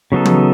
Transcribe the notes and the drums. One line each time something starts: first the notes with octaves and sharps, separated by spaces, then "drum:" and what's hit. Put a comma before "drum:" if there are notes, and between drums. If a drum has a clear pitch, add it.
C#3 F#3 B3 D#4 A4
drum: tom